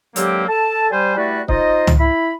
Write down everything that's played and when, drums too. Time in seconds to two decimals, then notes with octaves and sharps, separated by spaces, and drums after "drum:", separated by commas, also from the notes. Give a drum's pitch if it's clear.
0.16 D3 F#3 G#3 A#3 C4 G4, drum: hi-hat
0.48 A4 A5
0.91 G3 C5 G#5
1.16 G3 A3 E4 F#4 B4 D5
1.48 D#4 F4 C5 D#5, drum: kick C#1
1.87 drum: tom
1.98 E4 B5